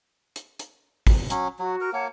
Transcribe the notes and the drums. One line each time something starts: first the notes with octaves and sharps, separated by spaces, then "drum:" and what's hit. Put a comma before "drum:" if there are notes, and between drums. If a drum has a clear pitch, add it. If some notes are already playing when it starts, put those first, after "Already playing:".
drum: hi-hat
drum: hi-hat
drum: kick, open hi-hat
F#3 C#4, drum: hi-hat
F#3 F#4
A#4
A#3 C#5 F#5 A5